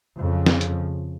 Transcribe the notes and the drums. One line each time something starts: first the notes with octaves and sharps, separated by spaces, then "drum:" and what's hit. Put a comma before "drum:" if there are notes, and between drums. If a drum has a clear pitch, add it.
F2 C#3 F3
drum: snare
drum: hi-hat